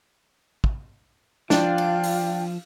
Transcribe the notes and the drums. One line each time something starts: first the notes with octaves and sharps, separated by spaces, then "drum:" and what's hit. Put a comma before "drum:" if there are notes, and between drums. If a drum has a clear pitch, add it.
drum: kick
F3 D4 F4 F5 G5, drum: snare
drum: cymbal
drum: open hi-hat